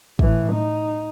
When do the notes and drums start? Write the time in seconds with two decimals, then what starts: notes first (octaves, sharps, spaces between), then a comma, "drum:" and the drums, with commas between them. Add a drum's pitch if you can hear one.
0.19 A2 E3, drum: kick
0.52 D#4